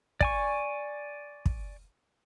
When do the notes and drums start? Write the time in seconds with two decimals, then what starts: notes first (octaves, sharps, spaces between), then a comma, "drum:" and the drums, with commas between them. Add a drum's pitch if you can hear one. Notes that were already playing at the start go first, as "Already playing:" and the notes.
0.21 D5 G#5 C#6, drum: kick
1.46 drum: kick